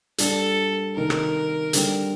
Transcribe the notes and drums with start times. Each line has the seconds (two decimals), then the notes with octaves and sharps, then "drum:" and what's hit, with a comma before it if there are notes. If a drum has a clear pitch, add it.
0.18 A#2 G3 D4 A4, drum: hi-hat
0.96 C3 D#3 A#3 D#4 A#4
1.10 drum: rim click
1.73 D3 G3 C4, drum: hi-hat